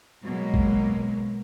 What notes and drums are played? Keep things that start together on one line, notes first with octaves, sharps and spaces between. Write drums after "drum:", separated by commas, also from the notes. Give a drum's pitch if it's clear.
B2 F#3 G#3 A#3
drum: kick A1